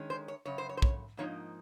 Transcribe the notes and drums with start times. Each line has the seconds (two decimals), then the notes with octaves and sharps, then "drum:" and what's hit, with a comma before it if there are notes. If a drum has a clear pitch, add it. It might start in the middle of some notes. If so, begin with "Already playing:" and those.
Already playing: D#3 G#3 C#4
0.10 C5
0.28 C#5
0.45 F#2 C#3 C#5
0.58 C5
0.69 C#5
0.77 C5
0.82 C#5, drum: kick
1.17 G#2 F3 A#3 D#4 C#5